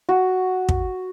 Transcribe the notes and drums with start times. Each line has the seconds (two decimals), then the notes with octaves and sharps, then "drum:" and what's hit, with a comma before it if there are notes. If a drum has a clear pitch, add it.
0.09 F#4
0.69 drum: kick